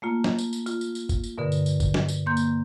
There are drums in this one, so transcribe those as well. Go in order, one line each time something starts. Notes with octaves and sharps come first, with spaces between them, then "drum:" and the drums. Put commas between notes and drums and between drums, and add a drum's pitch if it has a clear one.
A3 A#3 F4
drum: snare
drum: tambourine
drum: tambourine
F4, drum: tambourine
drum: tambourine
drum: tambourine
drum: kick, tambourine
drum: tambourine
G2 B2 D3 A#4
drum: tambourine
drum: tambourine
drum: kick, tambourine
drum: snare
drum: tambourine
A#3 C6 G6
drum: tambourine